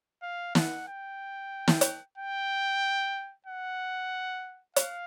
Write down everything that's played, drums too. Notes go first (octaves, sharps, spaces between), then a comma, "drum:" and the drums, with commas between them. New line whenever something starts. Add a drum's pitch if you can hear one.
F5
F#5, drum: snare
G5
drum: snare
drum: hi-hat
G5
F#5
F5, drum: hi-hat